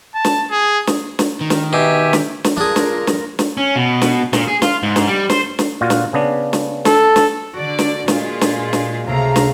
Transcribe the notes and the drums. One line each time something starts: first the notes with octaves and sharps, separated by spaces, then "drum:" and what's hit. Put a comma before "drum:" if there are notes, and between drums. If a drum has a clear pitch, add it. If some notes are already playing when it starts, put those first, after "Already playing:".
A5
drum: snare
G#4
drum: snare
drum: snare
D#3
drum: snare
B2 G4 E5 G#5
drum: snare
drum: snare
D4 F4 G#4 A#4
drum: snare
drum: snare
drum: snare
C#4
B2
drum: snare
A#2, drum: snare
G#4
F4, drum: snare
G#2
drum: snare
G3
C5, drum: snare
drum: snare
A#2 F4 F#4
drum: snare
C#3 B3 D4
drum: snare
A4, drum: snare
drum: snare
D3 F#4 D5
drum: snare
A#2 G#3 F4, drum: snare
drum: snare
drum: snare
C#2 C3 A3 A#3 F5 A#5
drum: snare